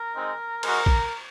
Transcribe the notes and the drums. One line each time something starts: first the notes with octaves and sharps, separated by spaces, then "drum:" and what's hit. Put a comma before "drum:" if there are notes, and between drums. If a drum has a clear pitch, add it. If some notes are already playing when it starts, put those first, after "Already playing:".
Already playing: A#4
G#3 C4 D#4
G#3 D#4 F#4 A#4, drum: cymbal
drum: kick